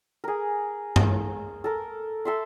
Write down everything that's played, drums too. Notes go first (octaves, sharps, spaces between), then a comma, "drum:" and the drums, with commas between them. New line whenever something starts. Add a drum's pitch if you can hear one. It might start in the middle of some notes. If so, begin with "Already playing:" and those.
G#4 A#4
drum: tom G2
A4 A#4
A4 E5 C6